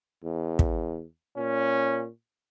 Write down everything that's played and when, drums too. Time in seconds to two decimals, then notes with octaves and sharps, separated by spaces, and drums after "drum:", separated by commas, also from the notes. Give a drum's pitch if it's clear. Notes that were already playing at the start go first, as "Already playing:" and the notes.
0.24 E2
0.59 drum: kick
1.37 A#2 C#4